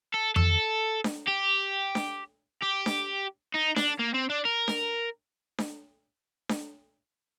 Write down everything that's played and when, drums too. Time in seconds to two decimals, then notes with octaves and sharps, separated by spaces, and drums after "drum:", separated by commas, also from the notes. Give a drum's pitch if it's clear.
0.14 A4
0.36 A4, drum: tom F2
1.04 drum: snare D4
1.27 G4
1.95 drum: snare D4
2.63 G4
2.86 drum: snare D4
3.54 D#4
3.76 D4, drum: snare D4
3.99 A#3
4.14 C4
4.30 D4
4.45 A#4
4.68 drum: snare D4
5.58 drum: snare D4
6.49 drum: snare D4